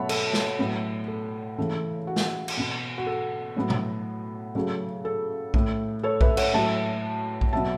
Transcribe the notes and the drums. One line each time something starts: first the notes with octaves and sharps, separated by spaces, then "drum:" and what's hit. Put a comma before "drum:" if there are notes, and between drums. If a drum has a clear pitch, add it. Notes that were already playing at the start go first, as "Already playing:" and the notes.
Already playing: B2 F#3 A3 C#5 E5 F#5 A5 B5
A4, drum: cymbal
drum: snare
A2 F#3 B3
A4
C#3 E3 A3
F#4
drum: snare
drum: cymbal
B2 B3
F#4
A4
A2 F#3 B3
drum: tom B2
C#3 F#3 A3
A4
A2 A3, drum: kick B1
A4 C#5
B4 E5, drum: kick B1
C#5 F#5, drum: cymbal
A2 F#3 A3 E5 A5
drum: kick B1
B2 F#3 B3 E5 A5